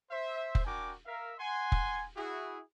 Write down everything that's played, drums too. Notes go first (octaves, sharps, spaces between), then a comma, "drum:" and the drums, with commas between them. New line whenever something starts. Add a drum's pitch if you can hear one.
C5 E5
drum: kick F1
D4 F#4 A#4 G5 G#5 D6
A#4 E5 F5
F#5 G#5 C6
drum: kick F1
E4 F#4 G#4